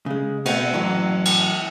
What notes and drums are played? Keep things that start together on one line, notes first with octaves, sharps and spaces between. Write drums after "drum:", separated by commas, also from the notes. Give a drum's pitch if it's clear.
C#3 G#3
B2 A3 C4, drum: cymbal
F#2 A2 E3 F#3
drum: cymbal